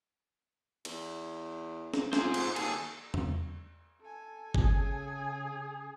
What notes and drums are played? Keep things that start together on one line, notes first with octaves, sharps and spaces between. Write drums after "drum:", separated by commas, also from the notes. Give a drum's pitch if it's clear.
E2, drum: cymbal
drum: snare
F2 G#4 C5, drum: snare
drum: cymbal
D#2 G#4 A4, drum: cymbal
drum: tom E2
A4 G#5
C#3 G#4, drum: kick G1